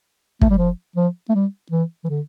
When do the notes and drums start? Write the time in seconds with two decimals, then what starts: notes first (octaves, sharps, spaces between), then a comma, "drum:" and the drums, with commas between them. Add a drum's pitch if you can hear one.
0.42 A3, drum: kick
0.50 G3
0.58 F3
0.96 F3
1.29 A3
1.34 G3
1.72 E3
2.04 E3
2.09 D3